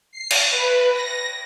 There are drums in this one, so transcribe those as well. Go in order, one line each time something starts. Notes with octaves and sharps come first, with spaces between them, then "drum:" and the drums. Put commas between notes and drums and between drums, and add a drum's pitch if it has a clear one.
C7
drum: cymbal
B4
A#6